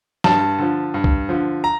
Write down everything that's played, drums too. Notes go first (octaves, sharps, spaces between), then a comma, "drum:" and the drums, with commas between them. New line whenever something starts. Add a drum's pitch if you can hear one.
G2 A5, drum: snare
D3 F3
G2
drum: kick
D3 F3
A#5